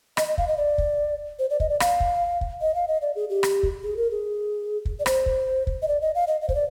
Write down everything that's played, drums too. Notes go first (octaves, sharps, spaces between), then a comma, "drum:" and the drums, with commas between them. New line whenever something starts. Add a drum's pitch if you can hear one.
D#5, drum: rim click
D#5
F5, drum: kick
D#5
D5
drum: kick
C5
D5
D#5, drum: kick
D5
F5, drum: rim click
drum: kick
drum: kick
D#5
F5
D#5
D5
G#4
G4
drum: rim click
drum: kick
G#4
A#4
G#4
drum: kick
D5
C5, drum: rim click
drum: kick
drum: kick
D#5
D5
D#5
F5
D#5
D#5
C5, drum: kick
D5